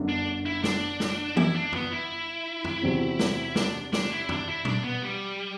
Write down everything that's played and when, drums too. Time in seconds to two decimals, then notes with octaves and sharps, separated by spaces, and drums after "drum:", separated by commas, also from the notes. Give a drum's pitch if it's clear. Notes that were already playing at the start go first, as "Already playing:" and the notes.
Already playing: G1 F#2 D3
0.09 D4
0.46 E4
0.64 D4, drum: snare
1.00 drum: snare
1.37 E4, drum: tom E3
1.55 D4
1.72 B3, drum: tom F2
1.92 E4
2.64 drum: tom F2
2.82 E2 C3 F#3 C4
3.19 drum: snare
3.56 D4, drum: snare
3.93 D4, drum: snare
4.11 E4
4.29 D4, drum: tom F2
4.48 E4
4.65 D4, drum: tom A#2
4.84 B3
5.02 G3